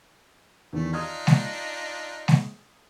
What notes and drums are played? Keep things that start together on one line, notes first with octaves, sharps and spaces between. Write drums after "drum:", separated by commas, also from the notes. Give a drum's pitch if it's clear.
E2 D#3 A3
D4 D#4 F4 D#6 F6 G#6
drum: snare G#3
drum: snare G#3